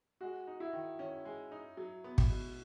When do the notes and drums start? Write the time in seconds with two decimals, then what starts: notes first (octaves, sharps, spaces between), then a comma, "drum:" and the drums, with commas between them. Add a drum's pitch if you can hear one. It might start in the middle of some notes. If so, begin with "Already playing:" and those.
0.21 G#3 F#4
0.47 D#4
0.60 E4
0.73 D#3
0.99 D#3 C#4
1.25 G#3
1.52 D#4
1.77 F#3
2.04 B3
2.18 drum: kick G#1
2.29 B2